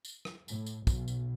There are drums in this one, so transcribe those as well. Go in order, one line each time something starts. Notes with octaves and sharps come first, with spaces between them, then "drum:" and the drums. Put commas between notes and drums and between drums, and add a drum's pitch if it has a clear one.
drum: tambourine
drum: rim click
A2, drum: tambourine
drum: tambourine
B1, drum: kick, tambourine
drum: tambourine